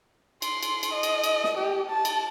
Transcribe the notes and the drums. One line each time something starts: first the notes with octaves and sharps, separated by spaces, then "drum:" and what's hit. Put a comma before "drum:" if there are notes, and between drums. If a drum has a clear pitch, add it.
C6, drum: cymbal
drum: cymbal
drum: cymbal
D#5
drum: cymbal
drum: cymbal
drum: snare
G4
A5
drum: cymbal